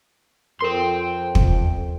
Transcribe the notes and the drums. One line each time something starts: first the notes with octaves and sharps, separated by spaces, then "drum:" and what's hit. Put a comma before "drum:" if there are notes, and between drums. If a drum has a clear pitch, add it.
F2 A4 A#4 G5 C6 C7
drum: kick